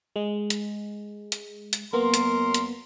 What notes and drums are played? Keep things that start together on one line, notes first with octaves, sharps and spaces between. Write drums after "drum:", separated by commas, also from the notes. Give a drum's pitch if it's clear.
G#3
drum: hi-hat
drum: hi-hat
drum: hi-hat
F#2 A#3 B3 A#4 C6
drum: hi-hat
drum: hi-hat